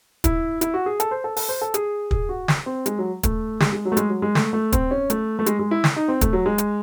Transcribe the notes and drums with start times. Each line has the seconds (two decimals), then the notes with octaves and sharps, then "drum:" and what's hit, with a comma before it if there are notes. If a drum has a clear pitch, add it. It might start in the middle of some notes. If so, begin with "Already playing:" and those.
0.24 E4, drum: kick, hi-hat
0.61 E4, drum: hi-hat
0.74 F#4
0.86 G#4
1.00 A4, drum: hi-hat
1.11 C5
1.24 A4
1.36 A4, drum: open hi-hat
1.49 C5
1.62 A4
1.74 G#4, drum: hi-hat
2.11 G#4, drum: kick
2.29 F#4
2.48 drum: snare
2.66 C4
2.86 G#3, drum: hi-hat
2.99 F#3
3.23 A3, drum: kick, hi-hat
3.60 G#3, drum: snare
3.73 G#3
3.85 F#3
3.92 A3
3.97 G#3, drum: hi-hat
4.09 F#3
4.22 G#3
4.35 A3, drum: snare
4.53 A3
4.72 C4, drum: kick, hi-hat
4.91 C#4
5.10 A3, drum: hi-hat
5.39 A3
5.46 G#3, drum: hi-hat
5.59 G#3
5.71 E4
5.84 drum: snare
5.96 D#4
6.08 C4
6.21 A3, drum: kick, hi-hat
6.33 F#3
6.46 G#3
6.58 drum: hi-hat